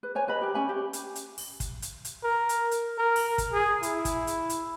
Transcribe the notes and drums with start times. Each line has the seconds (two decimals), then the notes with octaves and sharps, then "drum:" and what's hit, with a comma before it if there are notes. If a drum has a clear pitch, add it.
0.03 B4
0.15 C5 C#5 G#5
0.28 B4 D#5 B5
0.41 G4 A#4
0.54 C#4 G#5 B5
0.69 G4
0.93 drum: hi-hat
1.16 drum: hi-hat
1.38 drum: open hi-hat
1.60 drum: kick, hi-hat
1.82 drum: hi-hat
2.05 drum: hi-hat
2.24 A#4
2.49 drum: hi-hat
2.71 drum: hi-hat
2.98 A#4
3.16 drum: open hi-hat
3.38 drum: kick, hi-hat
3.53 G#4
3.83 E4, drum: hi-hat
4.05 drum: kick, hi-hat
4.27 drum: hi-hat
4.50 drum: hi-hat